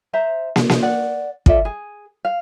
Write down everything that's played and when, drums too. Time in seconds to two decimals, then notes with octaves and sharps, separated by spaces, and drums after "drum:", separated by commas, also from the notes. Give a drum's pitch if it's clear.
0.13 C5 E5 A#5
0.56 drum: snare
0.69 C5 D#5, drum: snare
0.82 D5 F#5
1.46 F4 A4 D5 E5, drum: kick
1.65 G#4
2.25 F5